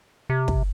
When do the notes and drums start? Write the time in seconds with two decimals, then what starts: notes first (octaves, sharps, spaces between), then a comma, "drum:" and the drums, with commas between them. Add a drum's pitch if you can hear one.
0.30 C3
0.48 drum: kick